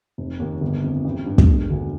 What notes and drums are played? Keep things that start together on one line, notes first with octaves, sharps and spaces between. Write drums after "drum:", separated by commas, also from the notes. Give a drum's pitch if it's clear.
F1
D#2
G1
F2
A1
G2
drum: kick
E1
D2